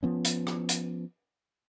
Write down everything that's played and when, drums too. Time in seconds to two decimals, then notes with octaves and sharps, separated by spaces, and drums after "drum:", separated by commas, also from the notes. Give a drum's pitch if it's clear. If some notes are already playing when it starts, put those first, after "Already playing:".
0.03 F3 B3 C#4
0.25 drum: hi-hat
0.47 drum: rim click
0.69 drum: hi-hat